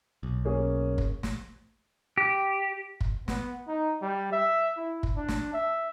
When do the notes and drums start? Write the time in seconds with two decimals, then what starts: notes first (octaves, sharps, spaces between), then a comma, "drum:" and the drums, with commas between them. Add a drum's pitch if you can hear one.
0.23 B1
0.45 A#3 C#4 G#4
0.98 drum: kick
1.23 drum: snare
2.18 G4
3.01 drum: kick
3.28 B3, drum: snare
3.68 D#4
4.02 G3
4.32 E5
4.77 E4
5.03 drum: kick
5.16 D4
5.28 drum: snare
5.53 E5